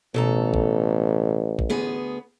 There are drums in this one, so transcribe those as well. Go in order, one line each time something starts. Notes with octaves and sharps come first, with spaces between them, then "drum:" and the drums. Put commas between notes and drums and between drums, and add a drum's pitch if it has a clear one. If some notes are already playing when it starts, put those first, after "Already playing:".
A1 B2 A4 A#5
drum: kick
drum: kick
D2 B3 G#4